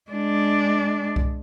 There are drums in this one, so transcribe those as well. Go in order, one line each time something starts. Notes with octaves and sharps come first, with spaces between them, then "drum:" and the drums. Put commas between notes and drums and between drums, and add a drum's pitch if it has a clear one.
G#3 D4
drum: kick C2